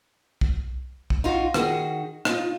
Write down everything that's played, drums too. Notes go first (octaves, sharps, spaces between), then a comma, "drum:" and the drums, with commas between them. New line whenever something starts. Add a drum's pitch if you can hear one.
drum: kick
drum: kick
D#4 F4 F#4
D#3 F#4 G#4, drum: rim click
D#4 F4, drum: rim click